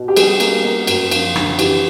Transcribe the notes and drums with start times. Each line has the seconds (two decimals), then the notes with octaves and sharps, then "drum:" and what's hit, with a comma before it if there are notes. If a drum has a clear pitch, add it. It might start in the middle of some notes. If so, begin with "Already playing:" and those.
Already playing: B2
0.08 G4
0.17 G3 G#4, drum: cymbal
0.40 A#3, drum: cymbal
0.64 A#3
0.87 F#2, drum: cymbal
1.11 F3, drum: cymbal
1.35 D3, drum: rim click
1.59 E3 G4, drum: cymbal